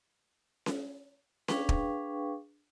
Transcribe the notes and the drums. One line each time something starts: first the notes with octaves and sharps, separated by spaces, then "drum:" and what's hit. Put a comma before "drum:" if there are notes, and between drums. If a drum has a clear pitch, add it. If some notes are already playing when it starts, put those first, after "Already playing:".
drum: snare C#4
D4 G#4 B4 F5 G5 C#6, drum: snare C#4
drum: kick